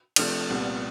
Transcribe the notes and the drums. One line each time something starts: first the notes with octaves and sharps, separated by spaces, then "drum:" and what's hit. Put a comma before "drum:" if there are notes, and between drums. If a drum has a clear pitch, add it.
C3 F3 A3 D4, drum: cymbal
C2 A#2 G3 B3